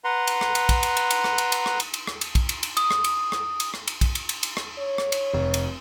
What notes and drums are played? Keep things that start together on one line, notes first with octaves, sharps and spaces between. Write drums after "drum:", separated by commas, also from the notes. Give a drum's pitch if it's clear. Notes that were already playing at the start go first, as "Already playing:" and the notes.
B4 F#5 A#5 C6
drum: cymbal
drum: rim click
drum: cymbal
drum: kick, cymbal
drum: cymbal
drum: cymbal
drum: cymbal
drum: rim click
drum: cymbal
drum: cymbal
drum: rim click
drum: cymbal
drum: cymbal
drum: rim click
drum: cymbal
drum: kick, cymbal
drum: cymbal
drum: cymbal
D#6, drum: cymbal
drum: rim click
drum: cymbal
drum: rim click
drum: cymbal
drum: rim click
drum: cymbal
drum: kick, cymbal
drum: cymbal
drum: cymbal
drum: cymbal
drum: rim click
C#5
drum: rim click
drum: cymbal
F1
drum: cymbal